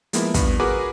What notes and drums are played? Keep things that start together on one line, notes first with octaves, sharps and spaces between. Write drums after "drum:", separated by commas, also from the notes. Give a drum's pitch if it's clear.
F3 G#3 A#3 B3 E4, drum: hi-hat
G2 B3, drum: kick, hi-hat
F#4 G#4 A#4 B4 B5 D6